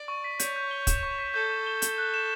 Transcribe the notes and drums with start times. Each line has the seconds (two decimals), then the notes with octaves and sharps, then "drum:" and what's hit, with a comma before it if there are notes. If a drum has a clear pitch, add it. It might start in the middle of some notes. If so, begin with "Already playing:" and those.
Already playing: D5
0.08 C#6
0.24 B6
0.40 C#5 G6, drum: hi-hat
0.56 G6
0.71 G7
0.87 E7, drum: kick, hi-hat
1.03 C#6
1.19 B6
1.34 A4 G6
1.50 G6
1.66 G7
1.82 G7, drum: hi-hat
1.98 F#6
2.14 E7